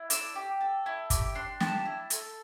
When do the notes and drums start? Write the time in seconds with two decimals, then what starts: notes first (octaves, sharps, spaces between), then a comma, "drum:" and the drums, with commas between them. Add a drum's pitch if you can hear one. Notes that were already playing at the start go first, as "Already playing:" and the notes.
Already playing: E4
0.10 D4 E6, drum: hi-hat
0.35 G4
0.61 A4
0.86 E4
1.10 G4 D6, drum: kick, hi-hat
1.35 D4 C6
1.60 G4 A5, drum: snare
1.85 E4
2.10 A4, drum: hi-hat